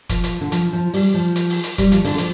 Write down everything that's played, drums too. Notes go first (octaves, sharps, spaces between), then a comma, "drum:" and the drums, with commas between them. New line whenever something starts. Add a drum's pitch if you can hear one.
F3, drum: kick, hi-hat
drum: hi-hat
D3
F3, drum: hi-hat
F3
G3, drum: open hi-hat
F3
drum: hi-hat
drum: open hi-hat
drum: hi-hat
G3, drum: kick, hi-hat
F3, drum: hi-hat
D3, drum: open hi-hat
F3, drum: hi-hat